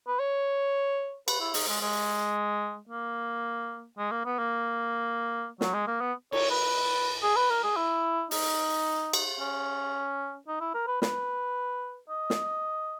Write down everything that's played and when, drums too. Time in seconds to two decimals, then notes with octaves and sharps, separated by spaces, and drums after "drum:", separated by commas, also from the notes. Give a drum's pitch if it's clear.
0.07 B4
0.19 C#5
1.28 B4, drum: cymbal
1.41 E4
1.54 D#4, drum: open hi-hat
1.68 G#3
1.81 G#3
2.89 A#3
3.98 G#3
4.11 A#3
4.25 B3
4.39 A#3
5.61 F#3, drum: snare
5.74 G#3
5.87 A#3
6.01 B3
6.32 C#5, drum: cymbal
6.50 B4
7.23 G#4
7.36 B4
7.50 A#4
7.63 G#4
7.77 E4
8.31 D#4, drum: open hi-hat
9.13 drum: cymbal
9.40 C#4
10.48 D#4
10.61 E4
10.74 A#4
10.87 B4
11.02 B4, drum: snare
12.10 D#5
12.30 drum: snare